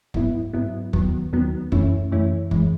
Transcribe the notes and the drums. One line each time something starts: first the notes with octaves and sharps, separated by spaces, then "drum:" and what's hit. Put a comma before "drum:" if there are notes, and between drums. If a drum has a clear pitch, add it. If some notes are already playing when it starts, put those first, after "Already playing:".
G#2 F#3 B3 E4, drum: kick
G#2 F#3 B3 E4
D#2 D#3 F#3 B3, drum: kick
D#2 D#3 F#3 B3
F#2 E3 A3 C#4 E4, drum: kick
F#2 E3 A3 C#4 E4
F#2 E3 G#3, drum: kick